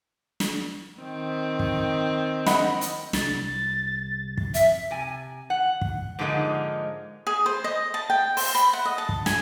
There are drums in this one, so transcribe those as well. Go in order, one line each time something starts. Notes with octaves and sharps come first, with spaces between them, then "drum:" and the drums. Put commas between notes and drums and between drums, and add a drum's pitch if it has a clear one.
drum: snare
D#3 C4
drum: kick
D#5 F#5 B5, drum: snare
drum: hi-hat
C2 A6, drum: snare
drum: kick
F2 E5, drum: hi-hat
C3 G#5
F#5
drum: kick
G#2 D3 F3 G#3 A#3 D#4
G#4
C5
D#5
A5
G5
C5, drum: open hi-hat
B5
F#5
D#5
A5
drum: kick
G#5, drum: snare